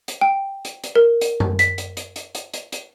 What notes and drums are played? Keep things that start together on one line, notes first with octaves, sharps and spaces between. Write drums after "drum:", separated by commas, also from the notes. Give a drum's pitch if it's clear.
drum: hi-hat
G5
drum: hi-hat
drum: hi-hat
A#4
drum: hi-hat
drum: tom F#2
B6, drum: hi-hat
drum: hi-hat
drum: hi-hat
drum: hi-hat
drum: hi-hat
drum: hi-hat
drum: hi-hat